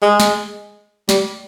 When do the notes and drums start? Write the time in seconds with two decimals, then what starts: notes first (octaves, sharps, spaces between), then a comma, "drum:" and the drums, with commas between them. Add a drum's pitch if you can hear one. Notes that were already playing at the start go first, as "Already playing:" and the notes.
0.02 G#3
0.20 drum: snare
1.09 G3, drum: snare